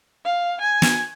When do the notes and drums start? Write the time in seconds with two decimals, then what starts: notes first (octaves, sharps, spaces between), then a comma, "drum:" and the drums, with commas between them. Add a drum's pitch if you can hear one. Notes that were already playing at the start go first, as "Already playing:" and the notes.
0.25 F5
0.61 G#5
0.82 drum: snare